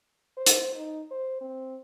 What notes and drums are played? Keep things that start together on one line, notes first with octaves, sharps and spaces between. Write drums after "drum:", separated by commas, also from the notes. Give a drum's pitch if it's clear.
C5
drum: hi-hat
D#4
C5
C4